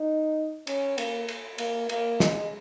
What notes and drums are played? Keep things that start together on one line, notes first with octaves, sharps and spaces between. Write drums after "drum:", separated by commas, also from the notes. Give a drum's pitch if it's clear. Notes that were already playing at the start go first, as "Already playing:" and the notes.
Already playing: D#4
C#4, drum: cymbal
A#3, drum: cymbal
drum: cymbal
A#3, drum: cymbal
A#3, drum: cymbal
G#3, drum: snare